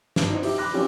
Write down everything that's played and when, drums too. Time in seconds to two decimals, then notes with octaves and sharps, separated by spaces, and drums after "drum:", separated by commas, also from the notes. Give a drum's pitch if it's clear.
0.16 G#1 G2, drum: snare
0.28 D4 D#4 C5
0.43 D#4 G4 E5, drum: open hi-hat
0.58 B5 D6 F#6 A#6
0.74 F#3 C4 C#4 D#4 F4 G4